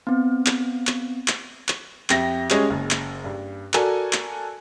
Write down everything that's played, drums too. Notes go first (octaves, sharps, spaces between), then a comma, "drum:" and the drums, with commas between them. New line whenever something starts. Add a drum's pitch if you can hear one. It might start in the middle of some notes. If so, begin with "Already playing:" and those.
B3 C4
drum: clap
drum: clap
drum: clap
drum: clap
F2 G4 E5 A#6, drum: clap
G3 G#3 C#4 G#4 C#5 D#5, drum: clap
F#1
drum: clap
G2
F#4 A4 A#4 D5 G#5, drum: clap
drum: clap